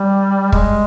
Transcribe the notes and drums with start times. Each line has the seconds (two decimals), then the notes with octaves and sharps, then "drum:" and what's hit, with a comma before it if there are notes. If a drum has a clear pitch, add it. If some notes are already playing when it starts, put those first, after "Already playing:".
Already playing: G3
0.52 G#3, drum: kick